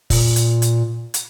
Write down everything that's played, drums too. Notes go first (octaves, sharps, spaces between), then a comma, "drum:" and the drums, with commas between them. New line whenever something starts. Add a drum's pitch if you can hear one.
A#2, drum: kick, open hi-hat
drum: hi-hat
drum: hi-hat
drum: hi-hat